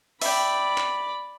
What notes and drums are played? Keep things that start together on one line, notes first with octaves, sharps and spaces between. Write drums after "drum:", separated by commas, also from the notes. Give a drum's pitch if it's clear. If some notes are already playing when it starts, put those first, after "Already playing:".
D5 E5 G5 B5, drum: open hi-hat
drum: clap